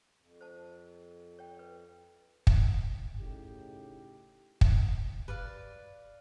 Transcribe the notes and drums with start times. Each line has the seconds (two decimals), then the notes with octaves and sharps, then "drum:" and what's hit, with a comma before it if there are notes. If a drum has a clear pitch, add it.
0.18 F2
0.41 C5 A5
1.39 C#5 G5
1.59 B4
2.47 drum: kick
3.18 A2 C#3 D#4 G4
4.61 drum: kick
5.28 B4 D5 F5